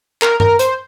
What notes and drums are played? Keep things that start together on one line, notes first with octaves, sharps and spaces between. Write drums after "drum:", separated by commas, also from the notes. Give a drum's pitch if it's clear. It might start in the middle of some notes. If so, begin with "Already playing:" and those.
A#4, drum: clap
A#4, drum: tom G2
C5, drum: hi-hat